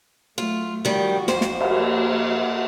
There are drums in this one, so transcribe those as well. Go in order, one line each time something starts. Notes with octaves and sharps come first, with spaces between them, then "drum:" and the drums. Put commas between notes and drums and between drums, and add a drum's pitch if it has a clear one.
F#3 A3 F4
D#3 F3 G3 F#4
F2 C5, drum: snare
drum: snare
drum: cymbal
A#3